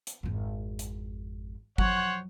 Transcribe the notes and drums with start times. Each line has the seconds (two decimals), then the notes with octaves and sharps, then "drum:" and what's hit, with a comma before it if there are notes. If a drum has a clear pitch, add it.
0.07 drum: hi-hat
0.23 G#1 F2
0.79 drum: hi-hat
1.78 F3 F#3 C5 C#5 F#5, drum: kick G1